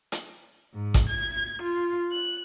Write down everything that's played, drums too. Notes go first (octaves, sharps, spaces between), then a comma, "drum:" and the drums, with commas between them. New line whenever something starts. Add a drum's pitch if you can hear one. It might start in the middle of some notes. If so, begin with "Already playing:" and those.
drum: hi-hat
G#2
drum: kick A1, hi-hat
G#6
F4
F#6